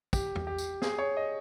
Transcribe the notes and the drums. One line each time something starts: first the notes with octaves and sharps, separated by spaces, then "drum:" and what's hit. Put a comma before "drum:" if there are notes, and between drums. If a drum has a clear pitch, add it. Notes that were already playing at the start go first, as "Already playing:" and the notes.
G4, drum: kick, tambourine
drum: tom E2
G4
drum: tambourine
G#4, drum: snare
C#5
D#5